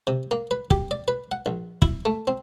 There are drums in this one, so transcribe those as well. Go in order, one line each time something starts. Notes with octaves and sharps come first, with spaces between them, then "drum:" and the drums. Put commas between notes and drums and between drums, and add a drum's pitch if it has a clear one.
C3
A#3
B4
G4, drum: kick
D5
B4
F#5
A#1
E4, drum: kick
A3
C4